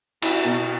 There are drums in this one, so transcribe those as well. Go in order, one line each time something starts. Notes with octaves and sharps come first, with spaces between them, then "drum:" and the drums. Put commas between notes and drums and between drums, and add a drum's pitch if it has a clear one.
E4 F#4, drum: cymbal
B2